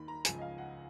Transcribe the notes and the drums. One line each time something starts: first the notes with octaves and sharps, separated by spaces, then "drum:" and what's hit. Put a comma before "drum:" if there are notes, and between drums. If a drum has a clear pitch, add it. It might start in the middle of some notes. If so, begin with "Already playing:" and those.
Already playing: D#2 D#3 B5
A#5
C#2 C#3 F3 G#5, drum: hi-hat
D#5
F5
F#5